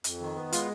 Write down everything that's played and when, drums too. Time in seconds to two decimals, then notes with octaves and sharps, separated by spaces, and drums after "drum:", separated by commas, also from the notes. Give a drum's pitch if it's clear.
0.04 F2, drum: hi-hat
0.20 D#3
0.36 B3
0.52 G#3 F4, drum: hi-hat